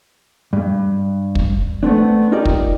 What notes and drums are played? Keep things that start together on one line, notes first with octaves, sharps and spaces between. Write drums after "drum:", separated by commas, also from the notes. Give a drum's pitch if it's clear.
G2
drum: kick
A3 B3 C4 D4
D#4 F4 G4 A#4 D5
drum: kick